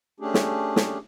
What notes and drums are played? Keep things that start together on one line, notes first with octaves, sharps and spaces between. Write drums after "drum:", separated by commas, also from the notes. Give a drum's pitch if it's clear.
A3 C#4 D4 G4 G#4
drum: snare
drum: snare